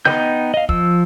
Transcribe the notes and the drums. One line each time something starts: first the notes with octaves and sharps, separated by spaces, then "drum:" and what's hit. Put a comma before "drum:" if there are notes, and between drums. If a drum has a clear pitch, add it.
B3 D#4 D#5 G5 G6, drum: snare
D#5 F5
F3 E6, drum: kick